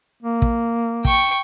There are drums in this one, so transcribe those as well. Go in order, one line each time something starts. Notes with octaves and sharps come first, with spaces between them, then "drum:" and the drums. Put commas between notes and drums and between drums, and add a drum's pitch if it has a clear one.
A#3
drum: kick
G5 C#6, drum: kick